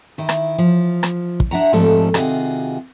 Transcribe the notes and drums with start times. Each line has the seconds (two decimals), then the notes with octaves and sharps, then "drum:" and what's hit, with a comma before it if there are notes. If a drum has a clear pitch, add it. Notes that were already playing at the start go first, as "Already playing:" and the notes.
0.18 D#3 E4
0.29 drum: rim click
0.58 F3
1.03 drum: rim click
1.40 drum: kick
1.51 D4 E5 F#5 A#5
1.73 F2 G#2 F3 G3 A3 A4
2.14 C3 D#3 F4 F#4 G#4, drum: rim click